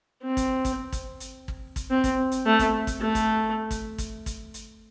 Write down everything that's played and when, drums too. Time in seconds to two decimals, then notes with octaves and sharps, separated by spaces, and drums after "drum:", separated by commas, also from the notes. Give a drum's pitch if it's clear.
0.22 C4
0.37 drum: kick G#1, hi-hat
0.65 drum: kick G#1, hi-hat
0.92 drum: kick G#1, hi-hat
1.20 drum: hi-hat
1.48 drum: kick G#1
1.76 drum: kick G#1, hi-hat
1.90 C4
2.04 drum: kick G#1, hi-hat
2.32 drum: hi-hat
2.46 A3
2.59 drum: kick G#1, hi-hat
2.87 drum: kick G#1, hi-hat
3.01 A3
3.15 drum: kick G#1, hi-hat
3.71 drum: kick G#1, hi-hat
3.98 drum: kick G#1, hi-hat
4.26 drum: kick G#1, hi-hat
4.54 drum: hi-hat